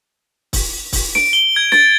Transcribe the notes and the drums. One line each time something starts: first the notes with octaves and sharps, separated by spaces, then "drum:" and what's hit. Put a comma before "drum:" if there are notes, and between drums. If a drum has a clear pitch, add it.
drum: kick, open hi-hat
drum: kick, open hi-hat
D7, drum: snare
G7
G#6
A6, drum: snare